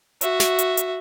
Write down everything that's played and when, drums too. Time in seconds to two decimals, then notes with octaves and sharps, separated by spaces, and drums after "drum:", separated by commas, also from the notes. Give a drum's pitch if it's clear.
0.21 F#4 E5, drum: hi-hat
0.40 drum: snare
0.59 drum: hi-hat
0.77 drum: hi-hat